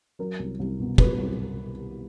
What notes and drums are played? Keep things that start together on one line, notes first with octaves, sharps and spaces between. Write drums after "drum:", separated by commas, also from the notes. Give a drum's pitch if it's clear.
F#3 A#4
C2
C2
B2
F#3 B4, drum: kick
C2